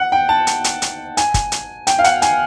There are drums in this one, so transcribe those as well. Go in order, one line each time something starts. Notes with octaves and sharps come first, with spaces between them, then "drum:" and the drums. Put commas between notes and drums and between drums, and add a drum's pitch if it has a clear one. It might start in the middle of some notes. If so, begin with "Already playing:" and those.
Already playing: F#5
G5
A5
drum: hi-hat
drum: hi-hat
drum: hi-hat
G#5, drum: hi-hat
drum: kick, hi-hat
drum: hi-hat
G5, drum: hi-hat
F5
F#5, drum: hi-hat
G#5, drum: hi-hat